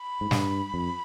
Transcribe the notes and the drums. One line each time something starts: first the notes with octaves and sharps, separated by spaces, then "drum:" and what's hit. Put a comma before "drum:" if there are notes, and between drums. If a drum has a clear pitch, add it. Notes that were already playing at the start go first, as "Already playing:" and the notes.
Already playing: B5
G#2
G2, drum: snare
F2